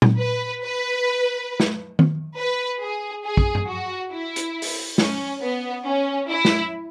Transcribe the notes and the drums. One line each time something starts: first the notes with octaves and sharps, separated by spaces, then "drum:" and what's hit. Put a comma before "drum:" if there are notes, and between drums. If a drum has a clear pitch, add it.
drum: tom A#2
B4
B4
drum: snare
drum: tom D#3
B4
G#4
G#4
drum: kick
drum: tom G2
F#4
E4
drum: hi-hat
drum: open hi-hat
C#4, drum: snare
B3
C#4
E4
drum: snare